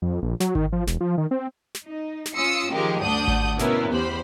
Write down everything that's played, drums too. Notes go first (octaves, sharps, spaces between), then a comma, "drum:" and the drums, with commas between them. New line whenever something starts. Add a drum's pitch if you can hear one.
F2
A#1
F#3, drum: snare
D#3, drum: kick G#1
F3
E1, drum: snare
F3
D#3
C4
drum: snare
D#4
drum: snare
C#4 F4 D#6 E6 C#7
D#3 F3 G#3 G4 A#4
D2 G2 D4 F#5 D#6 G6
drum: kick G#1
B2 B3 C#4 E4 A#4, drum: snare
E2 G4 C5 B5